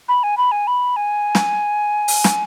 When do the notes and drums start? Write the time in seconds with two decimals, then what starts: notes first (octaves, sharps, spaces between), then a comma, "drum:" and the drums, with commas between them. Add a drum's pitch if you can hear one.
0.09 B5
0.23 G#5
0.37 B5
0.52 G#5
0.67 B5
0.96 G#5
1.35 drum: snare
2.08 drum: open hi-hat
2.24 drum: snare